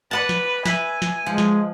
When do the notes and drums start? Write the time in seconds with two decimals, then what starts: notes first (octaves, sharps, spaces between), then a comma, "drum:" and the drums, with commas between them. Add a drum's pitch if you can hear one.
0.11 B4 D5 F#5 A5
0.29 drum: snare
0.66 B4 E5 G#5, drum: snare
1.02 drum: snare
1.26 F3 G#3
1.38 drum: snare